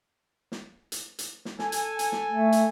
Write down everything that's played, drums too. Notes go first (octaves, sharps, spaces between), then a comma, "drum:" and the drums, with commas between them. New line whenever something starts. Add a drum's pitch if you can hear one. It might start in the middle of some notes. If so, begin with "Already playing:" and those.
drum: snare
drum: hi-hat
drum: hi-hat
drum: snare
A4 G#5, drum: snare
drum: hi-hat
drum: hi-hat
drum: snare
A3
drum: hi-hat